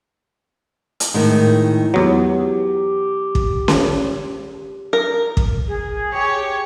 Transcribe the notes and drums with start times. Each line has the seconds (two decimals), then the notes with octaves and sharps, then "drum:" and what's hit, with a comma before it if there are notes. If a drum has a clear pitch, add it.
1.00 drum: hi-hat
1.14 A2 D#3 G#3
1.94 E2 F#3 G4
3.35 drum: kick
3.68 drum: snare C#4
4.93 A#4
5.37 drum: kick
5.68 G#4
6.12 G4 C#5